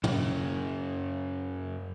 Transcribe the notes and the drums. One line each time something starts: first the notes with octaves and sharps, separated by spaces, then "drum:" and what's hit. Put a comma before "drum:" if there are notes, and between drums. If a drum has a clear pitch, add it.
F#2 C#3, drum: tom